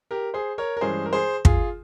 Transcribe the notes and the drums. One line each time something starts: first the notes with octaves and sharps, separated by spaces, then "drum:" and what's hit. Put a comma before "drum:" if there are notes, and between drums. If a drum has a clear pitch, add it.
G4 A#4
G#4 C5
A#4 C#5
A#4
G2 E3 G#3 C#4 G#4 C5
A#4
G#4 C5
F4 G#4, drum: kick